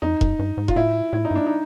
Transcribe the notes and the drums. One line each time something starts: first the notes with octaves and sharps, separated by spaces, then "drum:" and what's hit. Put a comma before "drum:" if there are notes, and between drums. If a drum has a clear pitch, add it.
F2 D#4
F#2, drum: kick E1
G2
G#2
F4, drum: kick E1
A2 E4
A2 E4
D#4
G2
D4
D#4